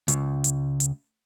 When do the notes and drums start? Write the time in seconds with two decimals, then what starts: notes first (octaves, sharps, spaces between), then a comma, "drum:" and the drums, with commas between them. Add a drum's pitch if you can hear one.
0.08 C#2, drum: hi-hat
0.44 drum: hi-hat
0.80 drum: hi-hat